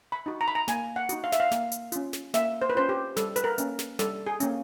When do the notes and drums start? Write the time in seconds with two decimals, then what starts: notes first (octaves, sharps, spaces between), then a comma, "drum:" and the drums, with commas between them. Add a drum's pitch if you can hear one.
0.12 B5
0.26 D#4 F#4
0.41 A#5
0.48 B5
0.55 A#5
0.68 A#3 G#5, drum: snare
0.96 F#5
1.09 D#4 F#4, drum: hi-hat
1.24 F5
1.32 E5, drum: snare
1.40 F5
1.51 A#3, drum: snare
1.72 drum: hi-hat
1.92 C#4 F4, drum: hi-hat
2.13 drum: snare
2.34 A#3 E5, drum: snare
2.62 C5
2.70 B4
2.75 C#4 F4 C5
2.89 G4
3.17 G3 A4, drum: snare
3.36 B4, drum: hi-hat
3.44 A#4
3.58 A#3 C#4, drum: hi-hat
3.79 drum: snare
3.99 G3 A4, drum: snare
4.27 G#4
4.40 A#3 C#4, drum: hi-hat